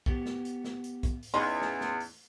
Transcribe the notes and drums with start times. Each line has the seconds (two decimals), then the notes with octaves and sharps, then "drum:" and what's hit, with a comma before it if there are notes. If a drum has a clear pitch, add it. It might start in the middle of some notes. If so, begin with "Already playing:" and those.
0.06 B3 F#4 G4, drum: kick
0.26 drum: snare
0.45 drum: hi-hat
0.64 drum: snare
0.84 drum: hi-hat
1.03 drum: kick, hi-hat
1.23 drum: open hi-hat
1.34 E2 C#3 C#4 D#4 F#4 G#4 D#5 C6
1.62 drum: snare
1.81 drum: snare
2.00 drum: open hi-hat